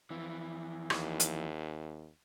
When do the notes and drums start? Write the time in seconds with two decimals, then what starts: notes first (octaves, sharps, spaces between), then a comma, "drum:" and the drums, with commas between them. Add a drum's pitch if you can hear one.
0.10 F2 E3
0.90 D#2, drum: rim click
1.20 drum: hi-hat